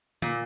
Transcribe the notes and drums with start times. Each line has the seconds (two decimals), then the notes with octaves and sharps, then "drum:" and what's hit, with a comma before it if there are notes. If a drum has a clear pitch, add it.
0.22 A#2, drum: tom D3